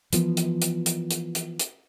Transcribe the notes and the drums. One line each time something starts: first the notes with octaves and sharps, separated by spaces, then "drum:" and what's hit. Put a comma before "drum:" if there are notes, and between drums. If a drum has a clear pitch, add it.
E3 F3 B3, drum: hi-hat
drum: hi-hat
drum: hi-hat
drum: hi-hat
drum: hi-hat
drum: hi-hat
drum: hi-hat